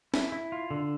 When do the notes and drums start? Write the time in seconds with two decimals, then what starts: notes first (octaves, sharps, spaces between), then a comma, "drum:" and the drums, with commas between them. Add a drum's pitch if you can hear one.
0.14 E4, drum: snare
0.32 E4
0.52 F4
0.71 D3